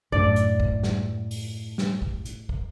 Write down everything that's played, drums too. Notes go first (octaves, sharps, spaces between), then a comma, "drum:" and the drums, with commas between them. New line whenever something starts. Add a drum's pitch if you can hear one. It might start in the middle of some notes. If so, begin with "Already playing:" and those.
F#2 A2 D4 D5, drum: kick
drum: hi-hat
drum: kick
drum: snare
drum: open hi-hat
drum: snare
drum: kick
drum: hi-hat
drum: kick